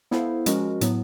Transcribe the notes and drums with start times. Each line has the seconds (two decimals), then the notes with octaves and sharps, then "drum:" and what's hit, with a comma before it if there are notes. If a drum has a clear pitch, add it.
0.11 B3 E4 A4 C5 F5, drum: snare
0.46 F3 G#3 C#4 F#4 A#4, drum: hi-hat
0.81 A2 F#3 B3, drum: hi-hat